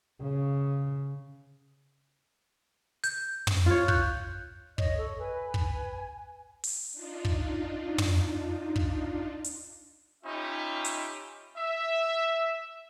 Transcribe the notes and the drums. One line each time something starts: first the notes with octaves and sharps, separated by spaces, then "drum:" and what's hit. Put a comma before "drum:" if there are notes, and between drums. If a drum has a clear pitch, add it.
C#3
G6, drum: hi-hat
drum: tom
F4 C#5
F#6 G6, drum: kick
C#5 D#5, drum: kick
A4
B4 G#5
drum: kick
drum: open hi-hat
D4 D#4 F4
drum: kick
drum: tom
drum: kick
drum: hi-hat
C#4 D#4 F4 G4 E5 B5
drum: hi-hat
E5